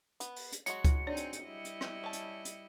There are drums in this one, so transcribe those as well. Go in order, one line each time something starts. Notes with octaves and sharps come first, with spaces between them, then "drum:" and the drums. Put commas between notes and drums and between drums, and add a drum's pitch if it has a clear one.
B3, drum: hi-hat
drum: open hi-hat
drum: hi-hat
F#3 G#3 F#4 C#7, drum: hi-hat
drum: kick C#2, hi-hat
C4 D4 D#4 G#4 C#5 D5
drum: hi-hat
drum: hi-hat
G3 E4 D#5
drum: hi-hat
drum: rim click
C#4 A5
drum: hi-hat
drum: hi-hat